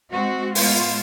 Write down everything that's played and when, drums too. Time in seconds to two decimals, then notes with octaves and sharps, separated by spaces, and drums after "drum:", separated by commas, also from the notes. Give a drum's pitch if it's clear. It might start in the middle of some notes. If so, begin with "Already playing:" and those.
0.12 G#3 C4 F#4
0.55 A2 G#3 B3 F4, drum: open hi-hat